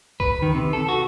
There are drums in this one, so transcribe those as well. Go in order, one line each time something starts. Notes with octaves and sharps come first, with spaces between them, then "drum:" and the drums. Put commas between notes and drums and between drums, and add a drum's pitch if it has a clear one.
B4, drum: kick
D#3
C3
A4
F#4